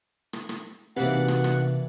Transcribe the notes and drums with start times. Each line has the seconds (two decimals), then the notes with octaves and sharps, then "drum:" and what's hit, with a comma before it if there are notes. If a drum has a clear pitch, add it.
0.33 drum: rim click
0.49 drum: rim click
0.97 C3 E3 A#3 D4 D#4 F#4 B4 F#5
1.28 drum: rim click
1.44 drum: rim click